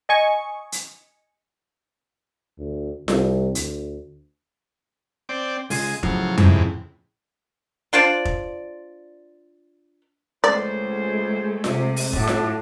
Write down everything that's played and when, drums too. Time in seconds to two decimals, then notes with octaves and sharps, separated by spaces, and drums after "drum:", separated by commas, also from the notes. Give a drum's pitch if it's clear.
0.09 D#5 G#5 C#6
0.72 drum: hi-hat
2.58 D2
3.08 C2, drum: snare F4
3.55 D2, drum: hi-hat
5.29 C4 D5 G5
5.70 C#2 G#3 F4, drum: open hi-hat
6.03 A2 C#3 F3 F#3 F4, drum: kick F1
6.38 E2 G#2 C3, drum: tom F2
7.93 D4 F4 C5 D5
8.25 drum: kick F1
10.44 C#2 G#3 A3 C5 D5
11.64 C3, drum: snare F4
11.96 drum: open hi-hat
12.13 A2 F#3 D4, drum: kick F1
12.28 drum: snare F4